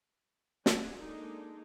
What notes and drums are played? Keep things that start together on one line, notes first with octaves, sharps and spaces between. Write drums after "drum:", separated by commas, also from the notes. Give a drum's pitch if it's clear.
A3 D4 F#5 G#5, drum: snare
G#3 A#3 D4 D#4 G#4 A4